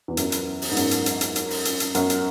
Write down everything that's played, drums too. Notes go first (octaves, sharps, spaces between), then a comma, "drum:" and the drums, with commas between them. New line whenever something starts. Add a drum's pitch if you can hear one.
E2
F#2, drum: hi-hat
drum: hi-hat
drum: open hi-hat
G#2
F#2, drum: hi-hat
drum: hi-hat
drum: hi-hat
drum: hi-hat
drum: hi-hat
drum: open hi-hat
drum: hi-hat
drum: hi-hat
F#2, drum: hi-hat
drum: hi-hat